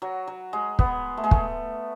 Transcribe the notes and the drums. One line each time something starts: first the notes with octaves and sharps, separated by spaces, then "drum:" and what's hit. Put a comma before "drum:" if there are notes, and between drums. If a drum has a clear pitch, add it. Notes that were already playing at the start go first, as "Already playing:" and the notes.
F#3
F#3
G#3
B3, drum: kick
A3
G#3
A3, drum: kick